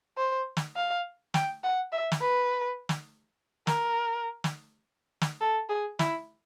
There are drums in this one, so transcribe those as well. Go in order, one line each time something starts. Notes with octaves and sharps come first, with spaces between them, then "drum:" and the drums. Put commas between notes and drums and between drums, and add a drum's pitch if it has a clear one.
C5
drum: snare
F5
G5, drum: snare
F#5
E5
drum: snare
B4
drum: snare
A#4, drum: snare
drum: snare
drum: snare
A4
G#4
E4, drum: snare